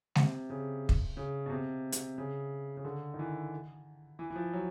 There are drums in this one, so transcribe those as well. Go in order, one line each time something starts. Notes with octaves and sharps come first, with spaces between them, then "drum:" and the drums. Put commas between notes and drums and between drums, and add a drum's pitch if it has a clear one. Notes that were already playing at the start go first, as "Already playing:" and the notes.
C3, drum: snare G#3
C#3
drum: kick
C#3
B2
C3
drum: hi-hat
C#3
C#3
D3
D#3
E3
E3
E3
F3
F#3